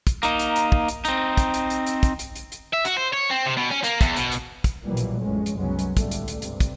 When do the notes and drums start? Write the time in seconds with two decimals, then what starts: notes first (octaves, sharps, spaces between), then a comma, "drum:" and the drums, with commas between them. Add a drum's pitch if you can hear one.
0.07 drum: kick, hi-hat
0.23 A#3 D#4, drum: hi-hat
0.39 drum: hi-hat
0.56 drum: hi-hat
0.72 drum: kick
0.88 drum: hi-hat
1.05 C4 D#4, drum: hi-hat
1.37 drum: kick, hi-hat
1.54 drum: hi-hat
1.70 drum: hi-hat
1.86 drum: hi-hat
2.03 drum: kick, hi-hat
2.19 drum: hi-hat
2.35 drum: hi-hat
2.52 drum: hi-hat
2.74 E5
2.85 F#4, drum: hi-hat
2.97 C5
3.13 C#5
3.30 C4
3.45 C3
3.57 B2
3.71 C#4
3.84 A#3, drum: hi-hat
4.01 E2, drum: kick, hi-hat
4.16 B2, drum: hi-hat
4.32 drum: hi-hat
4.64 drum: kick, hi-hat
4.84 A#1 B2 E3 F#3 G3 A#3
4.97 drum: hi-hat
5.22 A1 F2 A2 G#3 C#4
5.46 drum: hi-hat
5.55 F#1 C2 F#3 G#3 B3 C#4
5.79 drum: hi-hat
5.97 C#2 A2 D3 G3 A3, drum: kick, hi-hat
6.11 drum: hi-hat
6.28 drum: hi-hat
6.42 G2 C3, drum: hi-hat
6.60 drum: kick, hi-hat